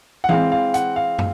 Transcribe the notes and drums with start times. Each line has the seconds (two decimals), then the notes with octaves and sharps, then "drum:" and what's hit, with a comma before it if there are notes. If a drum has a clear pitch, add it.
0.24 F#5
0.29 E3 G#3 C4 F5, drum: tom E3
0.52 F5
0.74 F#5, drum: hi-hat
0.96 F5
1.19 drum: tom